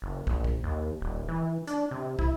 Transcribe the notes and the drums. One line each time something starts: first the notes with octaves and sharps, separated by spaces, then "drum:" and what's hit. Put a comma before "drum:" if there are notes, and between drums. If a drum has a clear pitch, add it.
F#1
A#1, drum: kick
drum: kick
D#2
D#1
E3
D4, drum: hi-hat
C3
E4, drum: kick